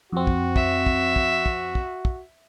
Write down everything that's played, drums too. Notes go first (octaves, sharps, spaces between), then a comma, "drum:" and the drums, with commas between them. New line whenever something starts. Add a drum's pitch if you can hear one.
F2 C4 F#4
drum: kick
E5, drum: kick
drum: kick
drum: kick
drum: kick
drum: kick
drum: kick